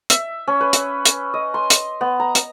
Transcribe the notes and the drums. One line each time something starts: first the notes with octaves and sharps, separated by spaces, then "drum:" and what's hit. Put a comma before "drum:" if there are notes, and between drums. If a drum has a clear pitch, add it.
E5, drum: hi-hat
C#4
B4
drum: hi-hat
drum: hi-hat
D#5
C6
drum: hi-hat
B3
A#5
drum: hi-hat